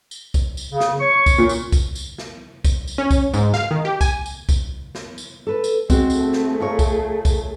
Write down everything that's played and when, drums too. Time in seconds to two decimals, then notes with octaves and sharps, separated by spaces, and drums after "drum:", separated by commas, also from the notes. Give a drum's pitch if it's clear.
0.11 drum: tambourine
0.34 drum: kick, tambourine
0.57 drum: tambourine
0.70 C#3
0.80 drum: snare
1.00 C#5 C#6
1.26 drum: kick, tambourine
1.38 A#2
1.49 drum: tambourine
1.72 drum: kick, tambourine
1.95 drum: tambourine
2.18 drum: snare
2.65 drum: kick, tambourine
2.88 drum: tambourine
2.98 C#4
3.11 drum: kick, tambourine
3.34 G#2, drum: tambourine
3.54 F5, drum: snare
3.71 D#3
3.85 G4
4.01 G#5, drum: kick, tambourine
4.26 drum: tambourine
4.49 drum: kick, tambourine
4.95 drum: snare
5.18 drum: tambourine
5.47 A4 B4
5.64 drum: tambourine
5.90 G#3 C4 F#4, drum: kick, tambourine
6.10 drum: tambourine
6.19 A3 G#4
6.33 drum: snare
6.60 F4 A#4 C#5
6.79 drum: kick, tambourine
7.25 drum: kick, tambourine